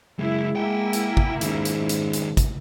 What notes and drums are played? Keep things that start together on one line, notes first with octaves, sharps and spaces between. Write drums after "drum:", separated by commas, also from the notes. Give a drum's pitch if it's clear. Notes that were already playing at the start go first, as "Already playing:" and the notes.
C#3 F#3 G#3 E4
A#3 E4 F#5 G5
drum: hi-hat
drum: kick
G#2 D#3 C#4, drum: hi-hat
drum: hi-hat
drum: hi-hat
drum: hi-hat
drum: kick, hi-hat